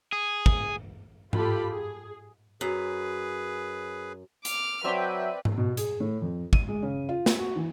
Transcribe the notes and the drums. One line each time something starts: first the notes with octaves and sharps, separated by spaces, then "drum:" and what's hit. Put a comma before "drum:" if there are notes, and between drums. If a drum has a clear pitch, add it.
G#4
drum: kick
F4 G4 A4 B5, drum: tom G#2
G#4
F#2 G#4 B4
D6 F6, drum: hi-hat
F#3 C4 B4 D5 E5 G5
drum: tom G#2
B2
G#4, drum: hi-hat
A2
F2
D#7, drum: kick
G#3
C#3
F4
drum: snare
F#4
E3